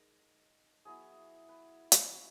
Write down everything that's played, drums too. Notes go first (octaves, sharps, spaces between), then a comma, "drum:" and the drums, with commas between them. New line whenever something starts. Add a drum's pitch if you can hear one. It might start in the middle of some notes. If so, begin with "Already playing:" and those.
Already playing: G#3 D#4 A#4
F#3 B3 E4 G#4
B4
drum: hi-hat
F#3 C#4 E4